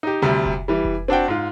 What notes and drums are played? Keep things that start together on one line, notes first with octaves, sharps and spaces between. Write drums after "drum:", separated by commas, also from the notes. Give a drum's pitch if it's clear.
D#4 G4
D2 C3 G3
drum: kick F1
E3 G3
drum: kick F1
C4 D4 F#4 G5
G#2 F4